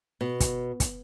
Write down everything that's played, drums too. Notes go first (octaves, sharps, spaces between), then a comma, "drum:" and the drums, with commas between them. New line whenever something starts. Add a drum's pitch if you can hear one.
B2
drum: kick, hi-hat
drum: kick, hi-hat